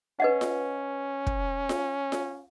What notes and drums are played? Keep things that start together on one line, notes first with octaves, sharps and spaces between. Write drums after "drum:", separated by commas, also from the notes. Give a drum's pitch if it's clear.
C#4 B4 D#5 F#5
drum: snare F4
drum: kick
drum: snare F4
drum: snare F4